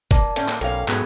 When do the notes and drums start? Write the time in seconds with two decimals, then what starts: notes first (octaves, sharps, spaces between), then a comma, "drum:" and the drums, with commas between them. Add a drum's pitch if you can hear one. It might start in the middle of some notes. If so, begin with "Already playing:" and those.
0.11 A#3 D5 A5, drum: kick G1, hi-hat
0.36 A2 D3 C#4 G5, drum: hi-hat
0.49 A#3, drum: clap
0.61 B1 A#3 C#4 A4 F5 G5, drum: hi-hat
0.88 G#2 F#3 A3 B3 G#4 B4 G#6, drum: clap